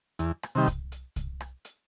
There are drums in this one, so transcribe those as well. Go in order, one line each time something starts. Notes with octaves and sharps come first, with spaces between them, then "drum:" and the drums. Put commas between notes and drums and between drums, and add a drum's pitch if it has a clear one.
E2, drum: hi-hat
drum: rim click
C3 D#3 G3
drum: kick C2, hi-hat
drum: hi-hat
drum: kick C2, hi-hat
drum: rim click
drum: hi-hat